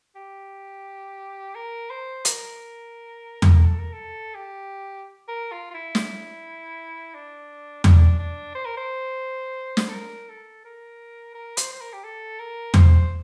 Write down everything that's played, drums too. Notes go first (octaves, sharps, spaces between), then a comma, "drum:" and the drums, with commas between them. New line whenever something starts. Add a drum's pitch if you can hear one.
G4
A#4
C5
A#4, drum: hi-hat
drum: tom E2
A4
A#4
A4
G4
A#4
F4
F4
E4
drum: snare
D4
D4, drum: tom E2
D4
C5
A#4
C5
drum: snare
A4
A#4
A4
A#4
A#4
C5, drum: hi-hat
C5
A#4
G4
A4
A#4
C5, drum: tom E2